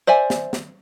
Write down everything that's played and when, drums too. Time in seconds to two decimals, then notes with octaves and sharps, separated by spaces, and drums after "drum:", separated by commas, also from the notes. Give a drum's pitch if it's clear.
0.07 C5 D5 E5 G#5
0.30 drum: snare
0.53 drum: snare